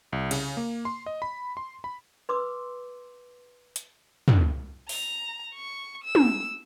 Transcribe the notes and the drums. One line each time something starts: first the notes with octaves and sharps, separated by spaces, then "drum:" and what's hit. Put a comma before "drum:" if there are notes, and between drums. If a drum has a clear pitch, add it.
C2
C#3, drum: cymbal
A#3
C6
D#5
B5
C6
B5
B4 C6 D6 E6
drum: hi-hat
drum: tom
A#5, drum: open hi-hat
C#6
E6
drum: tom